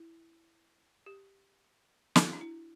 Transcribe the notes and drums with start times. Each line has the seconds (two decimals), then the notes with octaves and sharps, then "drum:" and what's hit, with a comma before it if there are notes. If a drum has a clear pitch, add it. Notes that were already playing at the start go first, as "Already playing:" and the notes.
Already playing: E4
1.06 G4
2.16 F#4, drum: snare
2.25 E4
2.33 D4
2.41 E4